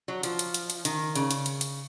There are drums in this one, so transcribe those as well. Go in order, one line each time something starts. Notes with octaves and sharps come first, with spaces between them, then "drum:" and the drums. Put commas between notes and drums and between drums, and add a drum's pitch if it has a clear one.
F#3
F3, drum: hi-hat
drum: hi-hat
drum: hi-hat
drum: hi-hat
D#3, drum: hi-hat
C#3, drum: hi-hat
drum: hi-hat
drum: hi-hat
drum: hi-hat